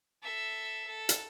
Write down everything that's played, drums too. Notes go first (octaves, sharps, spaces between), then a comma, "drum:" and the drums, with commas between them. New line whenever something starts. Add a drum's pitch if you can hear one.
A4 E5
A4
drum: hi-hat